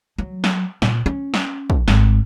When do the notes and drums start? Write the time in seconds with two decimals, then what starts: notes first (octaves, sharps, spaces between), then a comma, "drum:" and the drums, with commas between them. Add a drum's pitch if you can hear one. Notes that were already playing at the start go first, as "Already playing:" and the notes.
0.18 F#3
0.44 drum: snare
0.82 A#2, drum: snare
1.06 C#4
1.34 drum: snare
1.70 drum: kick
1.88 G#1, drum: snare